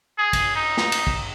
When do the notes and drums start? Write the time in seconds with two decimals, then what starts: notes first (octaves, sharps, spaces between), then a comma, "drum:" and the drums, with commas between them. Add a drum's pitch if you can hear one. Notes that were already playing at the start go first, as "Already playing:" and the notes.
0.18 G#4
0.33 drum: kick A1, cymbal
0.56 D#4
0.77 drum: snare
0.92 drum: cymbal
1.07 drum: kick A1